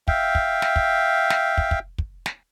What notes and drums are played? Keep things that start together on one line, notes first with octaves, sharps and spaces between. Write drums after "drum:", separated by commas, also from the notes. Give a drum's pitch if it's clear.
E5 F5 G5, drum: kick
drum: kick
drum: snare
drum: kick
drum: snare
drum: kick
drum: kick
drum: kick
drum: snare